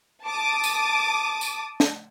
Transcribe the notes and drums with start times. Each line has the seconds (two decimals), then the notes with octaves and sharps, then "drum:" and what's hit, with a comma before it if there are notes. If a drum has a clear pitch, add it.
0.25 A5 D6 D#6
0.64 drum: tambourine
1.41 drum: tambourine
1.80 drum: snare